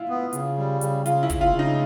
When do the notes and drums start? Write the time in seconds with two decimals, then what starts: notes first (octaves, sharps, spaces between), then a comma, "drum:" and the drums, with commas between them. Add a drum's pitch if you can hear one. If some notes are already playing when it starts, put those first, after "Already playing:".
Already playing: E4 F4
0.08 B3
0.33 C#3, drum: hi-hat
0.57 G3
0.81 C#3, drum: hi-hat
1.06 C#3 F4, drum: hi-hat
1.23 E4
1.30 C#3, drum: kick, hi-hat
1.41 F4
1.53 C#3
1.59 D#4